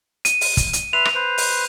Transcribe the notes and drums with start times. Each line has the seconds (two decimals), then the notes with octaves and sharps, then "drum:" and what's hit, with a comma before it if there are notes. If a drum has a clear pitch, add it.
0.25 D#7, drum: hi-hat
0.41 drum: open hi-hat
0.57 drum: kick, hi-hat
0.73 drum: hi-hat
0.93 B4 E5 C6 F7
1.05 drum: rim click
1.15 B4 C5
1.38 drum: open hi-hat